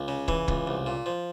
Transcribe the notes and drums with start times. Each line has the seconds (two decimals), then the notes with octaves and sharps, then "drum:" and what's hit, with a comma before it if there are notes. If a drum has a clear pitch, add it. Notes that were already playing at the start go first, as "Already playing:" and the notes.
Already playing: C#2
0.08 C#3
0.28 E3, drum: kick
0.48 C#2, drum: kick
0.67 C2
0.86 A#2
1.06 F3